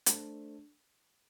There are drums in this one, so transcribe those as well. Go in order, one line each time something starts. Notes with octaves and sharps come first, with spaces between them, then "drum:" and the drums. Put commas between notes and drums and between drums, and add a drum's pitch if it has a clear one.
A3 D4 C5, drum: hi-hat